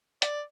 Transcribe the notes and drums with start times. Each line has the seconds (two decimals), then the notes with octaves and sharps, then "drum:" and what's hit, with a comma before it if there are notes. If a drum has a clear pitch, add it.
0.22 D5, drum: hi-hat